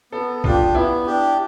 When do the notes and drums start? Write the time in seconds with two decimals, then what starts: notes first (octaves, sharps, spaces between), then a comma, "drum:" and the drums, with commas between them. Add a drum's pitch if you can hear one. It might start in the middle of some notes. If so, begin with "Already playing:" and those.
0.12 B3 A4
0.44 D4 F4 G4, drum: kick
0.75 B3 E4
1.06 D4 G4